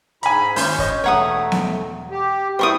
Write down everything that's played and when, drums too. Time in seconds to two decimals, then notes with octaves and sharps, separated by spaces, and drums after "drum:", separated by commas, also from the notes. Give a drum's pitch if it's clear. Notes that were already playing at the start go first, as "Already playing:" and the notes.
0.23 G#2 G#5 A#5 B5, drum: hi-hat
0.56 G#1 C#4 C6 G6, drum: open hi-hat
0.78 C#5 D#5, drum: kick
1.04 E1 A3 C#5 F#5 A#5 D#6
1.52 drum: snare B3
2.11 G4
2.59 G3 E4 C5 G5 C#6 D#6